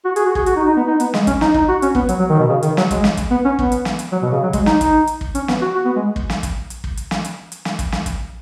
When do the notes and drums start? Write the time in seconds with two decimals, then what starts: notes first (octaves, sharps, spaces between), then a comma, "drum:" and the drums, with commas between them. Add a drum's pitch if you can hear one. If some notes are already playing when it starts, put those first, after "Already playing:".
0.05 F#4
0.16 G#4, drum: hi-hat
0.26 F#4
0.35 G#4, drum: kick
0.46 F#4, drum: hi-hat
0.56 D#4
0.67 D#4
0.77 B3
0.87 D#4
1.00 B3, drum: hi-hat
1.14 G#3, drum: snare
1.27 C#4, drum: kick, hi-hat
1.41 D#4, drum: snare
1.54 D#4, drum: kick
1.68 F#4
1.82 C#4, drum: hi-hat
1.95 B3, drum: kick
2.09 F#3, drum: hi-hat
2.19 F#3
2.29 D#3
2.39 B2
2.49 C#3
2.63 D#3, drum: hi-hat
2.77 F#3, drum: snare
2.91 G#3, drum: kick, hi-hat
3.04 drum: snare
3.17 drum: kick, hi-hat
3.31 B3
3.45 C#4
3.59 B3, drum: kick
3.72 drum: hi-hat
3.85 drum: snare
3.99 drum: hi-hat
4.12 F#3
4.22 B2
4.32 C#3
4.43 F#3
4.53 G#3, drum: kick, hi-hat
4.66 D#4, drum: snare
4.81 D#4, drum: kick, hi-hat
5.07 drum: hi-hat
5.21 drum: kick
5.35 C#4, drum: hi-hat
5.48 B3, drum: snare
5.61 F#4
5.75 F#4
5.85 B3
5.96 G#3
6.16 drum: kick
6.30 drum: snare
6.43 drum: kick, hi-hat
6.70 drum: hi-hat
6.84 drum: kick
6.97 drum: hi-hat
7.11 drum: snare
7.25 drum: hi-hat
7.52 drum: hi-hat
7.65 drum: snare
7.79 drum: kick, hi-hat
7.92 drum: snare
8.06 drum: kick, hi-hat